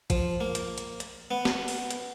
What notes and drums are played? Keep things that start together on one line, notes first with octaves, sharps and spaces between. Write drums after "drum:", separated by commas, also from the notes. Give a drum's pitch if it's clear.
F3, drum: kick A1, hi-hat
A#3
drum: hi-hat
drum: hi-hat
drum: hi-hat
B3
drum: snare
drum: open hi-hat
drum: hi-hat